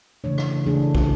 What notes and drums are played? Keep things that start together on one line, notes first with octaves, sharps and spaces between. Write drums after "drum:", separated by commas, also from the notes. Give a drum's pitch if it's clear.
C#3 E3 A3 D4 C#5
drum: rim click
C#3 E3 A3 D4 G#4
drum: kick